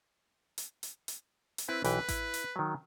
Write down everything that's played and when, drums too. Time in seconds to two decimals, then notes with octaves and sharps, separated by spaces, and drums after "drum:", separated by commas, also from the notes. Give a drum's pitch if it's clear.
0.58 drum: hi-hat
0.83 drum: hi-hat
1.08 drum: hi-hat
1.58 drum: hi-hat
1.69 C4 E4 B4
1.84 B1 E3 B4 G5, drum: hi-hat
2.09 E4, drum: kick A1, hi-hat
2.34 drum: hi-hat
2.56 D#3 F#3